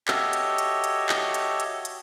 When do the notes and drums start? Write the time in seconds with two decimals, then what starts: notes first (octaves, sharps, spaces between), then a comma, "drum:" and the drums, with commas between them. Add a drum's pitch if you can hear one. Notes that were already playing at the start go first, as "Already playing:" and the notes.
0.08 F#4 G4 A4 C#5 D#5 E5, drum: clap
0.33 drum: hi-hat
0.58 drum: hi-hat
0.84 drum: hi-hat
1.09 drum: clap
1.34 drum: hi-hat
1.60 drum: hi-hat
1.85 drum: hi-hat